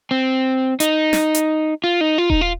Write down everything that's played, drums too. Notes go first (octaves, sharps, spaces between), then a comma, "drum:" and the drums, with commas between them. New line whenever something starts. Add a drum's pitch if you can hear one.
C4
D#4, drum: hi-hat
drum: snare
drum: hi-hat
F4
D#4
F4
D#4, drum: kick D#1
F4